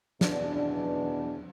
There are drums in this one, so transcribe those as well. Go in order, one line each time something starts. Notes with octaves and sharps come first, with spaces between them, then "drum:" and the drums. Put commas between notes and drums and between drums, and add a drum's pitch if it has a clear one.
E2 B2 B3 D4, drum: snare